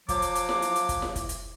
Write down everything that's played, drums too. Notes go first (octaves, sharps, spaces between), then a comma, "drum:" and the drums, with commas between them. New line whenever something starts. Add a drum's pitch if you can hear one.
F3 F#3 D6, drum: kick, hi-hat
drum: hi-hat
drum: hi-hat
drum: snare E4
drum: hi-hat
drum: hi-hat
drum: kick, hi-hat
drum: snare E4
drum: kick, hi-hat
drum: hi-hat